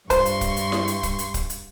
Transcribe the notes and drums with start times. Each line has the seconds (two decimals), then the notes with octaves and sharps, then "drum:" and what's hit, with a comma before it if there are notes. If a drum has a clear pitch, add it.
0.10 G2 F4 C5 C6 C#6, drum: kick, hi-hat
0.26 drum: hi-hat
0.41 drum: kick, hi-hat
0.57 drum: hi-hat
0.72 drum: snare E4
0.88 drum: hi-hat
1.03 drum: kick, hi-hat
1.19 drum: hi-hat
1.34 drum: kick, hi-hat
1.50 drum: hi-hat